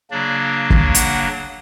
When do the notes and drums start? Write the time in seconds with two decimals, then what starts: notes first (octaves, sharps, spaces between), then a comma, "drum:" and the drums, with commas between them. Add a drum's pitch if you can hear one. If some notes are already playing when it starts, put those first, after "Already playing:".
0.11 C#3 F#3 A#3 D4 D5
0.70 drum: kick
0.95 F#5, drum: hi-hat